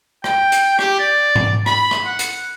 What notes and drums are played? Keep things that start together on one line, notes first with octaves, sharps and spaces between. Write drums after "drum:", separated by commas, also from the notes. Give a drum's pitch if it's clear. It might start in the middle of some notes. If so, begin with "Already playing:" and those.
G5, drum: rim click
drum: hi-hat
G4, drum: rim click
D5
drum: tom G#2
B5, drum: rim click
drum: rim click
F#5
drum: hi-hat